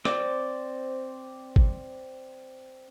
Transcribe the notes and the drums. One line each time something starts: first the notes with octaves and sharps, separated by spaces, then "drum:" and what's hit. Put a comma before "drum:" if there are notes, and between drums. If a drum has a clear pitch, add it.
C4 C5 D5 D6, drum: rim click
drum: kick